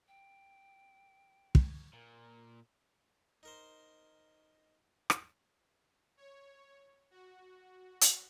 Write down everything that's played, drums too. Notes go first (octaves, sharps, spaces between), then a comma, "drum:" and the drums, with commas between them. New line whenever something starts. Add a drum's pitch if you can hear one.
G5
drum: kick
A#2 A#4
D#4 A#4 C5
drum: rim click
C#5
F#4
drum: hi-hat